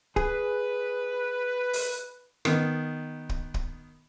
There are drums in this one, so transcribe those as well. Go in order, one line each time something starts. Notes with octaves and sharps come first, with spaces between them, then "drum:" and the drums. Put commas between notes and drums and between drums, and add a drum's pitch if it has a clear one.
G#4 B4, drum: kick
drum: open hi-hat
D#3 B3, drum: rim click
drum: kick
drum: kick